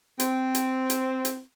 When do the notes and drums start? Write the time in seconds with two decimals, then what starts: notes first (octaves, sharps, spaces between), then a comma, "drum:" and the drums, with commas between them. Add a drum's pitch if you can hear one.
0.20 C4, drum: hi-hat
0.55 drum: hi-hat
0.90 drum: hi-hat
1.25 drum: hi-hat